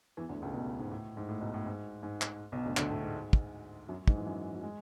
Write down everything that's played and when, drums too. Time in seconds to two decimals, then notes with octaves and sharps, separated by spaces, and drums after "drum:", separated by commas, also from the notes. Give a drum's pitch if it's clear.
0.17 E2 E3
0.29 D2 D3
0.42 C#2 C#3
0.54 B1 B2
0.79 G#2
0.91 A2
1.17 G#2
1.29 A2
1.41 B1 B2
1.54 A2
1.66 G#2
2.03 G#2
2.21 drum: clap
2.52 B1 B2
2.65 D2 D3
2.77 D2 D3, drum: clap
2.90 A2 A3
3.02 G#2 G#3
3.33 drum: kick
3.89 F#2 F#3
4.08 G#2 G#3, drum: kick
4.17 E3
4.26 F#2 F#3
4.54 F#3
4.63 G#3